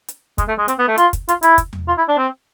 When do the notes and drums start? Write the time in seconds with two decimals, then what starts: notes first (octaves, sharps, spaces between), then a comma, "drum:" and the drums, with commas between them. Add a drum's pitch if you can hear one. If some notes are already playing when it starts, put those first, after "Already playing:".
0.09 drum: hi-hat
0.38 G#3, drum: kick, hi-hat
0.48 A3
0.58 G#3
0.68 C4, drum: hi-hat
0.79 B3
0.88 A3
0.98 F4, drum: hi-hat
1.13 drum: kick, hi-hat
1.29 F4, drum: hi-hat
1.43 E4, drum: hi-hat
1.58 drum: kick, hi-hat
1.73 drum: tom E2
1.88 F4
1.98 E4
2.08 D4
2.18 C4